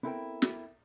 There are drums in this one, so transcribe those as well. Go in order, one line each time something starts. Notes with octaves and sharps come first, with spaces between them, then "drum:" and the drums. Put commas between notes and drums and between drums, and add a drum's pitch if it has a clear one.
B3 C4 E4 A4 A#4 G5
drum: snare